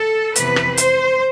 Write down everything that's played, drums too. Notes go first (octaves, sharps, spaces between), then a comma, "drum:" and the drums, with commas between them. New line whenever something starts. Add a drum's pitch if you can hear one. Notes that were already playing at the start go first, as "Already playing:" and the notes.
Already playing: A4
F2 C3 E3 B3 B4, drum: hi-hat
drum: rim click
C5, drum: hi-hat